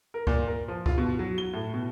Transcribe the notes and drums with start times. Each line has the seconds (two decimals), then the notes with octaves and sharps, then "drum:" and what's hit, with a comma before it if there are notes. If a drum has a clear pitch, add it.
0.14 A#4
0.27 A#2, drum: kick C#2
0.48 A#4
0.68 F3
0.86 F4, drum: kick C#2
0.98 B2
1.19 F#3
1.38 G7
1.53 A2
1.74 B2